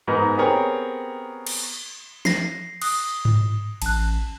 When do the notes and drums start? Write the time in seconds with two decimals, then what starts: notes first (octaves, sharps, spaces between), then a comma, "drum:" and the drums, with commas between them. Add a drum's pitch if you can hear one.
0.07 G#2 G#3 B3 A#4
0.38 B3 C4 G4 G#4 A#4 C#5
1.47 drum: cymbal
2.25 A#6 C7, drum: snare
2.82 D#6 F#6, drum: cymbal
3.25 drum: tom G#2
3.82 A1 A5 F#6, drum: cymbal